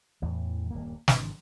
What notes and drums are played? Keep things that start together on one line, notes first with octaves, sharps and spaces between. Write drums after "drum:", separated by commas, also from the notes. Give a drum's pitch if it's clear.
E2 A2 E3
D#1 G2 A#3
G#1 C#3 E3 D4, drum: snare